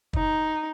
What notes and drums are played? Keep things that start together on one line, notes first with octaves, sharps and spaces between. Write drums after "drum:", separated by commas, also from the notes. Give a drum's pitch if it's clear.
D#4, drum: kick